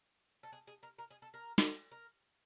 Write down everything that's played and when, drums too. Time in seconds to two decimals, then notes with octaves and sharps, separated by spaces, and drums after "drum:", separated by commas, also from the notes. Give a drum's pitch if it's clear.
0.43 A4
0.52 G#4
0.67 G#4
0.83 A#4
0.98 A#4
1.10 G#4
1.22 A4
1.34 A#4
1.58 drum: snare
1.91 A#4